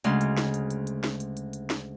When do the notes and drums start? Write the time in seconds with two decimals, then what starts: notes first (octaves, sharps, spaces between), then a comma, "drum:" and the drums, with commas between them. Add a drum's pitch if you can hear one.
0.04 D2 C#3 G#3 C6, drum: hi-hat
0.21 drum: hi-hat
0.37 drum: snare
0.54 drum: hi-hat
0.71 drum: hi-hat
0.87 drum: hi-hat
1.04 drum: snare
1.20 drum: hi-hat
1.37 drum: hi-hat
1.53 drum: hi-hat
1.70 drum: snare